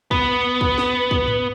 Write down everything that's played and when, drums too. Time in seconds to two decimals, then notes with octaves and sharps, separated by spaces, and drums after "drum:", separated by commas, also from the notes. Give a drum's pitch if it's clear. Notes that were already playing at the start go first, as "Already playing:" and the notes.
0.11 B3, drum: kick
0.61 drum: kick
0.78 drum: snare
1.11 drum: kick
1.28 drum: tom G#2